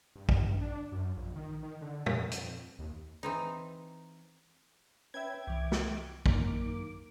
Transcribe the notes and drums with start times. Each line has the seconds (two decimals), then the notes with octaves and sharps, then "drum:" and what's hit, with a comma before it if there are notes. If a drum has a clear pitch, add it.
0.16 G2
0.29 drum: kick
0.61 D4
0.92 F#2
1.17 A#1
1.36 D#3
1.63 D#3
1.81 D3
2.06 F2, drum: tom
2.31 drum: hi-hat
2.79 D#2
3.23 E3 C4 D#4
5.14 C#4 B4 E5 G5 G#6
5.47 C2 E3 D6
5.72 drum: snare
6.26 F#2 D#3 A#3 D6, drum: kick